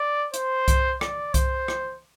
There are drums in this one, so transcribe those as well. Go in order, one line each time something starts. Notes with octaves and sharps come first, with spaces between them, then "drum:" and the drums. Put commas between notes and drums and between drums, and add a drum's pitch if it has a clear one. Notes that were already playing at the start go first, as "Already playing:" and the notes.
Already playing: D5
C5, drum: hi-hat
drum: kick C2, hi-hat
D5, drum: rim click
C5, drum: kick C2, hi-hat
drum: rim click